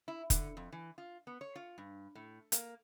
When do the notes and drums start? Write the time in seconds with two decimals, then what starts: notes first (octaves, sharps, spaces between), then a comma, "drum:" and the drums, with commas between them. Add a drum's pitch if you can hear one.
0.08 E4
0.30 D3, drum: kick F1, hi-hat
0.57 F2
0.72 E3
0.98 F4
1.27 B3
1.41 C#5
1.56 F4
1.78 G2
2.15 A2
2.52 A#3, drum: hi-hat